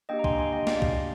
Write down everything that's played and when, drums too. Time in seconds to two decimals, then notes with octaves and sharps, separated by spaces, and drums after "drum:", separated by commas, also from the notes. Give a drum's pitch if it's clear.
0.09 A#3 D4 G4 D#5 G5
0.19 A#5
0.24 G#5 C6, drum: kick
0.38 G#5 C6
0.53 D#5 G5
0.67 D5 F5, drum: snare
0.82 drum: kick